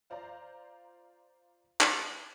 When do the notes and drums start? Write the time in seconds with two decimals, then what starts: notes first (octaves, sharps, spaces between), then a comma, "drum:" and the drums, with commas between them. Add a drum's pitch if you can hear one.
0.10 F4 C5 D5 F5 A#5
1.81 drum: clap